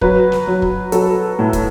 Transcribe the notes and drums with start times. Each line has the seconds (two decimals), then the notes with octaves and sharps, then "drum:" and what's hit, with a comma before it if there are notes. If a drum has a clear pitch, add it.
0.01 F#3 B4, drum: kick
0.32 drum: snare
0.47 F#3
0.62 drum: kick
0.92 F#3 A4, drum: hi-hat
1.39 A2
1.53 drum: kick, hi-hat